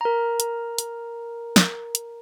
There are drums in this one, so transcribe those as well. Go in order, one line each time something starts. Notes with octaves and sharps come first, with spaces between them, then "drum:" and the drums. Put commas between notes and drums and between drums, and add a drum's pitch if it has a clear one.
A#4 A#5
drum: hi-hat
drum: hi-hat
drum: snare
drum: hi-hat